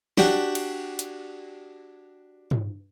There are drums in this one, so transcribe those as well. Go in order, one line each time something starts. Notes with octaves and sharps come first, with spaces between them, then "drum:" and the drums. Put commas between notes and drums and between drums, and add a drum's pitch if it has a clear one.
D4 F#4 G4 D5, drum: snare
drum: cymbal
drum: hi-hat
drum: tom